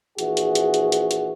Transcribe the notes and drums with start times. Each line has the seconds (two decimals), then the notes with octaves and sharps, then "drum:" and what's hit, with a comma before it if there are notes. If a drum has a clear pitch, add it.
0.19 A#1 E3 F#4 G#4, drum: hi-hat
0.37 drum: hi-hat
0.55 drum: hi-hat
0.74 drum: hi-hat
0.92 drum: hi-hat
1.11 drum: hi-hat